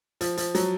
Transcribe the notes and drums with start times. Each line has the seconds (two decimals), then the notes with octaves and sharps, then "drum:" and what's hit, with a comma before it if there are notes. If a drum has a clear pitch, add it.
0.21 F3, drum: hi-hat
0.37 F3, drum: hi-hat
0.55 F#3, drum: hi-hat